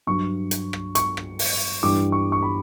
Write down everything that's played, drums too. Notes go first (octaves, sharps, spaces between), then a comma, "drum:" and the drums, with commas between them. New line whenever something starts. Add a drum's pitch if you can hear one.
G2 F#3 C#6
drum: hi-hat
drum: rim click
C#6, drum: hi-hat
drum: rim click
drum: open hi-hat
G2 E3 G3 D6
C#6
C#6
B5